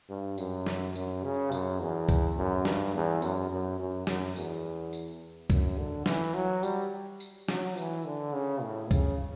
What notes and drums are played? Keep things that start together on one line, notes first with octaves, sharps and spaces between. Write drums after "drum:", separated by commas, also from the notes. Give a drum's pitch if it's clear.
G2
F#2, drum: tambourine
drum: snare
F#2, drum: tambourine
C#3
F#2, drum: tambourine
E2
drum: kick C#2, tambourine
F#2
G2, drum: snare
E2
F#2, drum: tambourine
F#2
F#2
F#2, drum: snare
E2, drum: tambourine
drum: tambourine
F#2, drum: kick C#2, tambourine
D3
E3, drum: snare
F#3
G3, drum: tambourine
drum: tambourine
F#3, drum: snare
E3, drum: tambourine
D3
C#3
A2
C#3, drum: kick C#2, tambourine